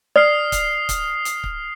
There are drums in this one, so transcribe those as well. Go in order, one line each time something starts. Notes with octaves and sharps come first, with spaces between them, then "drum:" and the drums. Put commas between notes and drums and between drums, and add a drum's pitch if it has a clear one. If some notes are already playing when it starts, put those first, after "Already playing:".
D5 D#6 F6 C7
drum: kick C#1, hi-hat
drum: kick C#1, hi-hat
drum: hi-hat
drum: kick C#1